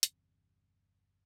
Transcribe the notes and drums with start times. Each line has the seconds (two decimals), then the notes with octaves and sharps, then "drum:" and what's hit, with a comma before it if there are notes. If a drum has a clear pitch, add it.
0.03 G1 E2 G2 C3, drum: hi-hat